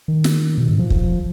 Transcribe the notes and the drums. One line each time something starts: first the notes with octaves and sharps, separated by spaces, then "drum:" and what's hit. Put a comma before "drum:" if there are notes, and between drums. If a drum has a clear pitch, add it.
D#3
drum: snare
B2
G#2
F3
drum: kick